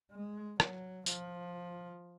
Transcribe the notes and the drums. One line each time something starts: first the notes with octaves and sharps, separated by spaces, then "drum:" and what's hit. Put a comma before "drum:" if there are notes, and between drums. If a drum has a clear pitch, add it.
G#3
F#3, drum: rim click
F3, drum: tambourine